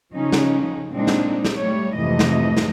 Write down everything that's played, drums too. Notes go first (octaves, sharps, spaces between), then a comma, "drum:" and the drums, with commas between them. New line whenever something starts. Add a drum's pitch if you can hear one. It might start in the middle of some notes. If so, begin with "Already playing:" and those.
C#3 F3 C#4 D#4
drum: snare
A#2 G#3 C4 D4 D#4
drum: snare
drum: snare
G3 A3 C#5
F2 G#2 C3 E3 A3 D#5
drum: snare
drum: snare